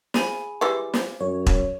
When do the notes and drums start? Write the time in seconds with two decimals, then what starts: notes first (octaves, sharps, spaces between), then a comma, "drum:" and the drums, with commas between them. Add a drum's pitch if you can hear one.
0.14 G#4 G#5 B5, drum: snare
0.61 E3 G3 G#3 D6
0.94 drum: snare
1.21 F#2 C#5
1.46 drum: kick E1